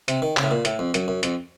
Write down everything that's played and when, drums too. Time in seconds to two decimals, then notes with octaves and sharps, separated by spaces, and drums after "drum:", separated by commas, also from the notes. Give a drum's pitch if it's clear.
0.08 C3, drum: hi-hat
0.22 D#3
0.37 C#3, drum: clap
0.43 A2
0.51 A#2
0.65 A2, drum: hi-hat
0.79 F2
0.94 F#2, drum: hi-hat
1.08 F#2
1.23 F2, drum: hi-hat